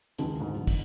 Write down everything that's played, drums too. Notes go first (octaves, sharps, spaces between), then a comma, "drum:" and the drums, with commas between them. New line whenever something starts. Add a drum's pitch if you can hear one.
D#1 C#2 D#3 G#3 C4 A5, drum: hi-hat
D2 G#2
E2 D3
drum: kick, open hi-hat